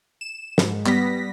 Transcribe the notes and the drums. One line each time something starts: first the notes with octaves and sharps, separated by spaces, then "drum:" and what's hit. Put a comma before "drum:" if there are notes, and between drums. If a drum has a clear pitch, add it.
E7
G#2, drum: snare
G3 B3 A#6 B6, drum: clap